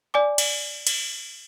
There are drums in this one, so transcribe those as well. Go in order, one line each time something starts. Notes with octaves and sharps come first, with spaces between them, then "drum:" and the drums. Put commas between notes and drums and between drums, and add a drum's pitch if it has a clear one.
D5 G#5 D6
drum: cymbal
drum: cymbal